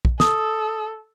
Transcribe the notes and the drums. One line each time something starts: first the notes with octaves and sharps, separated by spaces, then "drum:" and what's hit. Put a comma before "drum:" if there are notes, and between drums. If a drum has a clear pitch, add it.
drum: kick
A4 D#6, drum: snare